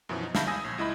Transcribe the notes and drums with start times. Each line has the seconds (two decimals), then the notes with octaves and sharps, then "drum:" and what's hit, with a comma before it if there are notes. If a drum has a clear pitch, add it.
0.09 F#2 B2 E3 F3 C#4
0.23 D#4
0.35 E5 F5 A5 B5 G6 A#6, drum: snare
0.47 G#5 D#6 E6 G#6 A#6
0.64 A#1 G#6
0.78 C#2 E4 D#5 B5